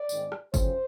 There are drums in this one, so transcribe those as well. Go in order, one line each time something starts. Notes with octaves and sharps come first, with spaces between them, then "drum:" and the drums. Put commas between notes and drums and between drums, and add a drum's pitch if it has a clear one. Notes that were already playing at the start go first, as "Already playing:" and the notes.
Already playing: D5
G#2 D#3 G#3 C4, drum: tambourine
drum: rim click
F2 C#3 F#3 C5, drum: kick G1, tambourine